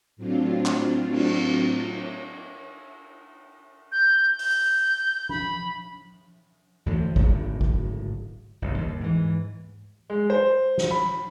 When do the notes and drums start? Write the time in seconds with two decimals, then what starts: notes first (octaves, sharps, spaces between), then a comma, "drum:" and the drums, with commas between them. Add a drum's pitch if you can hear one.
0.16 A2 F#3 C4 D4 F4
0.66 drum: clap
1.12 drum: cymbal
1.93 drum: cymbal
3.92 G6
4.39 G6, drum: open hi-hat
5.29 B5, drum: tom
6.86 D2 A2 E3 F3
7.16 D1 G#1 A2 C#3, drum: kick
7.61 drum: kick
8.62 G1 C2 G#2
8.78 D#2
9.00 G#2 E3, drum: tom G#2
10.10 G#3
10.30 C5
10.78 drum: snare
10.91 B5